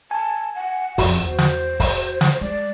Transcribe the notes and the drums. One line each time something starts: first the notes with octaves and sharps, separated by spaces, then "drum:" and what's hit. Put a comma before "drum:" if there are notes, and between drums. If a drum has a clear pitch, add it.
G#5 A5
F#5
F2 C#3 F#4, drum: kick, open hi-hat
E2 C5
drum: snare
drum: kick, open hi-hat
drum: snare
G#3 D5